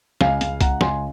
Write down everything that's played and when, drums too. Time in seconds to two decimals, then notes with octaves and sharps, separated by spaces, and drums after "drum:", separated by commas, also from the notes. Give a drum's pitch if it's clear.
0.21 C#2 F5 G#5, drum: snare
0.41 C#2, drum: hi-hat
0.61 C#2 F#5 A#5, drum: kick, hi-hat
0.81 C#2 G#5 C6, drum: snare